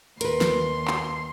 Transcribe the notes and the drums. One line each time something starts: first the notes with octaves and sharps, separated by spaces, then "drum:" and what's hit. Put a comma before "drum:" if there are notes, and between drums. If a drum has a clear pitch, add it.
D#2 A#4 B4 C6, drum: hi-hat
drum: snare
drum: clap